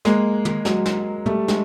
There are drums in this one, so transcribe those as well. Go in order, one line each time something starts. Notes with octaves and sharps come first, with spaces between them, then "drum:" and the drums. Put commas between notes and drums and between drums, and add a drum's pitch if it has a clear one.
G#3 A#3, drum: snare
drum: tom
F#3 G#3, drum: snare
drum: snare
G3 A3, drum: tom
G#3, drum: snare